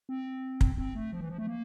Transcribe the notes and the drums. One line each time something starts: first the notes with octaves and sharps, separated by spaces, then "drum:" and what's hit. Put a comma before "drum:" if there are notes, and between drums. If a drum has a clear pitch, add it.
C4
drum: kick
C4
A3
F3
E3
F3
A3
A#3